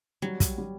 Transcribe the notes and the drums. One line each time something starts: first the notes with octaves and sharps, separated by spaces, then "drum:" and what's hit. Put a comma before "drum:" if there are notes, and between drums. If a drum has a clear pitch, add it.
F#3 G3
drum: kick, hi-hat
G3